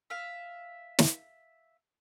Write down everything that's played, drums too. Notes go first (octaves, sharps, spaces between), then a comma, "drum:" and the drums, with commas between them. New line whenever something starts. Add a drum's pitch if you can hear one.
E5 F5
drum: snare